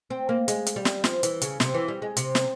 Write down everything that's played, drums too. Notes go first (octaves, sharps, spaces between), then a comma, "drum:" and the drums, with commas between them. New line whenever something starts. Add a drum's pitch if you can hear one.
C4
A#3
G#3, drum: hi-hat
drum: hi-hat
G3
drum: snare
F3, drum: snare
E3, drum: hi-hat
C#3, drum: hi-hat
C3, drum: snare
E3
G3
G#3
C3, drum: hi-hat
drum: snare